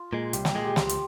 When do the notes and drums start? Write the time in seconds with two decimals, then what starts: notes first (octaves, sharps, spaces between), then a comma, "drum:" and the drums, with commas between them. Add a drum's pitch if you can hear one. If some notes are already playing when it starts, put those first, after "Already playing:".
Already playing: F4
0.13 A#2 G#3
0.33 C2 G4, drum: hi-hat
0.45 G4, drum: snare
0.54 A#2 G#3 G#4
0.65 G4
0.76 C#2 C5, drum: snare
0.89 drum: hi-hat